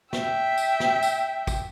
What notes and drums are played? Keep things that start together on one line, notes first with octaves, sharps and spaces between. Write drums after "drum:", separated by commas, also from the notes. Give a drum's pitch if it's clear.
E5 G5, drum: snare
drum: tambourine
drum: snare
drum: tambourine
drum: kick, tambourine